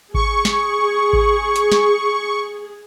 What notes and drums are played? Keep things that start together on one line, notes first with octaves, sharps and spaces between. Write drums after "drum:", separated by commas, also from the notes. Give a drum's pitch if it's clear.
G#4 C#6, drum: kick G#1
drum: snare
drum: kick G#1
drum: hi-hat
drum: snare